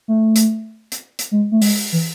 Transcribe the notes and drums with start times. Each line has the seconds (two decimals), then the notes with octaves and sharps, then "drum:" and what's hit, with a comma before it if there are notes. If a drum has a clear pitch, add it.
0.08 A3
0.36 drum: hi-hat
0.92 drum: hi-hat
1.19 drum: hi-hat
1.31 G#3
1.52 A3
1.62 G#3, drum: open hi-hat
1.93 E3